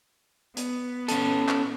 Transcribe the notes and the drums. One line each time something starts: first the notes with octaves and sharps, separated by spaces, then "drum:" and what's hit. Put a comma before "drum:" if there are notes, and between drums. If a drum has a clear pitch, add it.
B3, drum: hi-hat
C#4 A4, drum: hi-hat
drum: clap